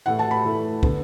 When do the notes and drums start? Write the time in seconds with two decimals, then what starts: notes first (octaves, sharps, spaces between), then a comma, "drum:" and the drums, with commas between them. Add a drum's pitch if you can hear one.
0.06 A2 E3 A3 F#5
0.19 A5
0.31 B5
0.44 A2 E3 A3
0.83 D3 B3, drum: kick